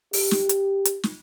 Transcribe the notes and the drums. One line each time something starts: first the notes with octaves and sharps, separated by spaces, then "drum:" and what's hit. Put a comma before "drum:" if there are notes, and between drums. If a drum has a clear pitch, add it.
G4, drum: open hi-hat
drum: snare
drum: hi-hat
drum: hi-hat
drum: snare